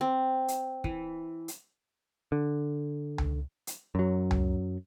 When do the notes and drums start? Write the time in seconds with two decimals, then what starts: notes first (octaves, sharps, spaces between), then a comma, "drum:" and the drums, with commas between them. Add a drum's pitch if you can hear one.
0.01 C4
0.48 drum: hi-hat
0.84 E3, drum: kick
1.48 drum: hi-hat
2.32 D3
3.18 drum: tom C#2
3.67 drum: hi-hat
3.95 F#2 F#3
4.31 drum: tom C#2